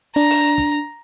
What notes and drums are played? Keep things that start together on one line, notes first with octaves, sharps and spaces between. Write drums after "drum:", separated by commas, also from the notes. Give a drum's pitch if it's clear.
D4 A#5, drum: hi-hat
drum: open hi-hat
drum: kick